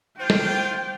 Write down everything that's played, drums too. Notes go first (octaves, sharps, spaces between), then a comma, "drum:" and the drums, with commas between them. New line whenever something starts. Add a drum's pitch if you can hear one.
D4 F4 C5 G5
drum: snare